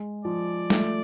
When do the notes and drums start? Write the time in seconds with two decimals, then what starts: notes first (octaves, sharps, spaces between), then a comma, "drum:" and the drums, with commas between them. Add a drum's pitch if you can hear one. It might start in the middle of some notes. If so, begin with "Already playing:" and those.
Already playing: G#3
0.25 F3 D5
0.70 A3, drum: snare